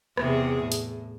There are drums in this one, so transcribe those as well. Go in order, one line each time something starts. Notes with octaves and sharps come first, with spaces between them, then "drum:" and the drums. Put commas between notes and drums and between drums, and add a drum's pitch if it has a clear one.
E2 C3 G#4, drum: rim click
A2
drum: hi-hat